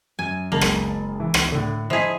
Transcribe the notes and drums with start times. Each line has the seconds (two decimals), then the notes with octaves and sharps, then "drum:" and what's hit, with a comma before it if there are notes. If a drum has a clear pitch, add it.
0.19 F#2 G#5
0.52 F#1 G#3 A#3 A5
0.61 drum: rim click
1.20 E3
1.34 drum: rim click
1.52 A2 D3
1.90 F3 E4 G#4 D#5 B6